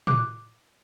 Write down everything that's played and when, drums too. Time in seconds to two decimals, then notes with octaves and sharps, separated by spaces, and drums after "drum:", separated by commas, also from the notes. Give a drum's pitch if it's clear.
0.07 D6 F#6, drum: tom A2